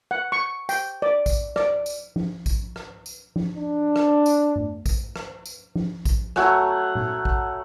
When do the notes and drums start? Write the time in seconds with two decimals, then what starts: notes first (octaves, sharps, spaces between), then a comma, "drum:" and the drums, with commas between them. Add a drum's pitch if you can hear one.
0.11 F#5
0.32 C#6
0.69 G5, drum: tambourine
1.02 D5
1.26 drum: kick A1, tambourine
1.56 D5, drum: rim click
1.86 drum: tambourine
2.16 drum: tom F3
2.46 drum: kick A1, tambourine
2.76 drum: rim click
3.06 drum: tambourine
3.36 drum: tom F3
3.57 D4
3.96 drum: rim click
4.26 drum: tambourine
4.56 drum: tom G2
4.86 drum: kick A1, tambourine
5.16 drum: rim click
5.46 drum: tambourine
5.75 drum: tom F3
6.05 drum: kick A1, tambourine
6.36 F#3 A3 F#5 G#5, drum: rim click
6.95 drum: tom A#2
7.25 drum: kick A1